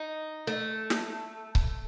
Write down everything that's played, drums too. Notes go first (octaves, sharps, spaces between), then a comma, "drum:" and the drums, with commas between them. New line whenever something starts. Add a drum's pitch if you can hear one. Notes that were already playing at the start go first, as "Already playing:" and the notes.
Already playing: D#4
A3
drum: snare
drum: kick C#1